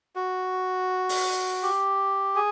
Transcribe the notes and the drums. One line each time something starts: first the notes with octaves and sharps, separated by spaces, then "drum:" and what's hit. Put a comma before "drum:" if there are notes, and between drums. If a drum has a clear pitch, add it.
F#4
drum: open hi-hat
G4
G#4